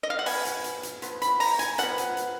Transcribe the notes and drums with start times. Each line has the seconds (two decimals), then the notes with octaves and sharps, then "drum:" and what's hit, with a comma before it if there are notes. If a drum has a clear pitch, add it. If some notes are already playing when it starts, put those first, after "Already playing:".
0.03 D#5
0.10 F5
0.19 F#5
0.26 F3 B3 G#5, drum: open hi-hat
0.45 drum: hi-hat
0.64 drum: hi-hat
0.83 drum: hi-hat
1.02 F3 B3, drum: hi-hat
1.22 B5, drum: hi-hat
1.40 A#5, drum: open hi-hat
1.59 G#5, drum: hi-hat
1.78 F3 B3 F#5, drum: hi-hat
1.98 drum: hi-hat
2.17 drum: hi-hat